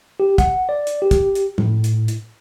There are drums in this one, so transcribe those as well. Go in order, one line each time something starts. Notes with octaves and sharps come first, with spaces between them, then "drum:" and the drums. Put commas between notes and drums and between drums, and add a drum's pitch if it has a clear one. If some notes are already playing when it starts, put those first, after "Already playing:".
G4
F#5, drum: kick, hi-hat
D5
drum: hi-hat
G4
drum: kick, hi-hat
drum: hi-hat
A2, drum: tom
drum: hi-hat
drum: hi-hat